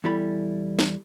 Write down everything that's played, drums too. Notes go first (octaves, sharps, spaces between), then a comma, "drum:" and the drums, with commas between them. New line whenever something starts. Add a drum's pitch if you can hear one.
E2 E3 G3 E4 A4 B5
drum: snare